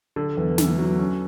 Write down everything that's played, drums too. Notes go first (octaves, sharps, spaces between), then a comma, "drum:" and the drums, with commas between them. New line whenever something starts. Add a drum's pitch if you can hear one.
D3
E2
E2, drum: snare
F#3
C#4